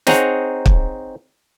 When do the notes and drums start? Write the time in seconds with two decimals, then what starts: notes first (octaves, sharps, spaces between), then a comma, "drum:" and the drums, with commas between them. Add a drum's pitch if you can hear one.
0.07 C4 D#4 G#4 C#5 F#5 A#5, drum: snare
0.66 drum: kick